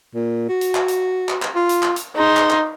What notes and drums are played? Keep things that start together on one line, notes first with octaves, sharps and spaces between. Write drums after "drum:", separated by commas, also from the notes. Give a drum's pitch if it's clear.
A#2
F#4
drum: hi-hat
drum: clap
drum: hi-hat
drum: clap
drum: clap
F4
drum: hi-hat
drum: clap
drum: hi-hat
D#4 G#4 C6
drum: clap
drum: clap